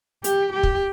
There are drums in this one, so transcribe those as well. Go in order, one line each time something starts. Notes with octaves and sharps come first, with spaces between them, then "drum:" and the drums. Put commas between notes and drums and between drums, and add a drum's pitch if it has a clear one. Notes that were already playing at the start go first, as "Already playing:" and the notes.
G4, drum: hi-hat
G4
drum: kick